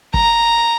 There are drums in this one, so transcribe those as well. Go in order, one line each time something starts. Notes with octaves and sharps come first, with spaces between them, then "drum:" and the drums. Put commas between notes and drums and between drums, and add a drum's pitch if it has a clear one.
A#5, drum: kick